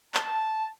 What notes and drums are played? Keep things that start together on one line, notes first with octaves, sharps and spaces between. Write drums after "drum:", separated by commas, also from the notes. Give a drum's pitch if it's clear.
A5, drum: clap